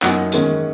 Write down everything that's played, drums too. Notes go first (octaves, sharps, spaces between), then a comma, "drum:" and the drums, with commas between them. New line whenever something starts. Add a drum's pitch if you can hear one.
F#2 F#3 A#3 D#4 F#5, drum: clap
G#2 D#3 A#3 C#4, drum: hi-hat